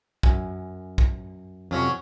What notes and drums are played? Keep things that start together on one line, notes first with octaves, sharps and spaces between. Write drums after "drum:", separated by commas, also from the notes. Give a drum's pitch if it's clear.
F#2 G#5, drum: kick
drum: kick
F2 C3 F#3 C#4